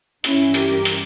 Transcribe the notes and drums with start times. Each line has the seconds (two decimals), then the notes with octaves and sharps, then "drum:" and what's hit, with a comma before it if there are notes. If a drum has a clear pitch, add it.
0.24 G2 E3 C#4 E4, drum: hi-hat
0.54 G4 A#4, drum: hi-hat
0.85 drum: hi-hat